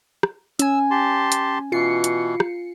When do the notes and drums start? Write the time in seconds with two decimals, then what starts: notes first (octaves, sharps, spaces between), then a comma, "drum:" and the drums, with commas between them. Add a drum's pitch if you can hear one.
0.23 drum: rim click
0.59 C#4 G#5 E6, drum: hi-hat
0.91 G4 A5 C6
1.32 drum: hi-hat
1.72 B2 E3 F4 C7 C#7
2.04 drum: hi-hat
2.40 drum: rim click